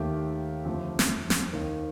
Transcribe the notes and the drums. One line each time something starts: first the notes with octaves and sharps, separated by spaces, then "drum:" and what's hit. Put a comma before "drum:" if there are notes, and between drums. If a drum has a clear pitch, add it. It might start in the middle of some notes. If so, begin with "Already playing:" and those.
Already playing: D#2 D#3 A3 G4
F2 D3 A3
drum: snare
drum: snare
D#2 D#3 A#3 D#4